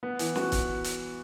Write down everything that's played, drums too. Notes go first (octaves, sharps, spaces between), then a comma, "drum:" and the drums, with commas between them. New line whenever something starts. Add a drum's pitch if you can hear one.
B3
E3, drum: hi-hat
F#4, drum: snare
drum: kick, hi-hat
drum: hi-hat